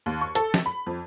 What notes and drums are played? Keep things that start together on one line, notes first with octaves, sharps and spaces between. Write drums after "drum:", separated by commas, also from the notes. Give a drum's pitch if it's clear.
D#2
C#6
A4, drum: hi-hat
drum: snare
B5
F2